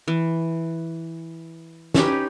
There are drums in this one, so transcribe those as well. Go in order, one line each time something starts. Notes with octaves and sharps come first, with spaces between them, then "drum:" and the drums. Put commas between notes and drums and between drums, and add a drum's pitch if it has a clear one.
E3
C#4 D#4 G4 B4, drum: snare